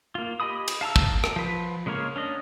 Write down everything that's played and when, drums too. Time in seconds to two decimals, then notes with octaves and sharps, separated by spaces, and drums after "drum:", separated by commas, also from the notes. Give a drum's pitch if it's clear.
0.15 A#3 F4
0.40 G4 D#5 G#5 B5 D#6
0.68 drum: cymbal
0.81 F5 A5 A#5 E6
0.96 drum: kick
1.24 drum: rim click
1.36 F3 B4
1.86 C#3 G#3 A#3 A#4 C#5
2.16 C#4 D4 D#5